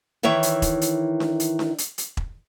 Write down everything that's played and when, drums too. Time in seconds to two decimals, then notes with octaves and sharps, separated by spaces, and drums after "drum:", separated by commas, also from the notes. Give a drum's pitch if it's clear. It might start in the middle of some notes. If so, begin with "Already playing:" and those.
0.23 D#3 E3 E4 C#5 E5
0.43 drum: hi-hat
0.62 drum: kick E1, hi-hat
0.81 drum: hi-hat
1.20 drum: snare D4
1.40 drum: hi-hat
1.59 drum: snare D4
1.78 drum: hi-hat
1.98 drum: hi-hat
2.17 drum: kick E1